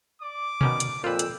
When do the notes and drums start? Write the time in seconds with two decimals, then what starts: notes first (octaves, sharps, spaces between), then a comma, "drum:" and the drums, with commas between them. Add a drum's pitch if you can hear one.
0.22 D5 D6
0.61 B2 D#3 C#4 D5, drum: tom B2
0.80 drum: hi-hat
1.04 F2 A#2 F4 B4 G5 E6
1.19 drum: hi-hat